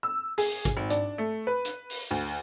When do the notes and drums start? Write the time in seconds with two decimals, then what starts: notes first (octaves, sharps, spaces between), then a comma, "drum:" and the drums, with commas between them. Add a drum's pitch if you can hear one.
0.03 E6
0.38 G#4, drum: open hi-hat
0.65 drum: kick, hi-hat
0.77 G#1
0.90 D4, drum: hi-hat
1.18 A3
1.47 B4
1.65 drum: hi-hat
1.90 drum: open hi-hat
2.11 D2